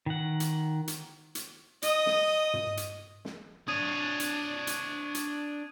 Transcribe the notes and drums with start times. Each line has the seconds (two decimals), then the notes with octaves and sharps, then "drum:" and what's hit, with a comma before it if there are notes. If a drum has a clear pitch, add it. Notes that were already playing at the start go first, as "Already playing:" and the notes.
0.06 D#3 F#5
0.40 drum: hi-hat
0.88 drum: hi-hat
1.35 drum: hi-hat
1.82 D#5 D#6, drum: hi-hat
2.06 drum: snare
2.54 drum: tom
2.77 drum: hi-hat
3.25 drum: snare
3.68 D4 C#5 D#6 G#6 D#7
4.20 drum: hi-hat
4.67 drum: hi-hat
5.15 drum: hi-hat